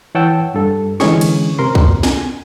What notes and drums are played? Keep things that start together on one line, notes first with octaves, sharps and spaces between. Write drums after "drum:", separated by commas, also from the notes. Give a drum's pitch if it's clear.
E3 C#5 F#5 G5 A5 E6
G2 A4
D3 E3 G#3 C#4 G#4 C#6, drum: snare
drum: cymbal
C3 A#4 C6
drum: kick C2
G#5, drum: snare